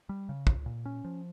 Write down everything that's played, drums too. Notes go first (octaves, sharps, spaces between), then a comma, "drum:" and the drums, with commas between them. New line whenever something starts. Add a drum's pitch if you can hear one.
G3
C#3
C#2, drum: kick
A#2
C#4
F3